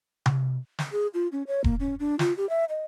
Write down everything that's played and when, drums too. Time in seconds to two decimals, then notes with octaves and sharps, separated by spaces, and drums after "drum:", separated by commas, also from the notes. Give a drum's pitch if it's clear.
0.26 drum: tom C3
0.79 drum: snare
0.92 G#4
1.14 F4
1.32 C#4
1.47 C#5
1.64 A#3, drum: kick E1
1.80 C#4
2.00 D4
2.19 F4, drum: snare
2.37 G4
2.49 E5
2.69 D#5